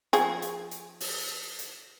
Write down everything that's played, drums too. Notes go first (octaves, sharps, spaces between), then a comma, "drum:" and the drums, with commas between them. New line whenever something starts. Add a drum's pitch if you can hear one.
F3 G#4, drum: hi-hat
drum: hi-hat
drum: hi-hat
drum: open hi-hat
drum: hi-hat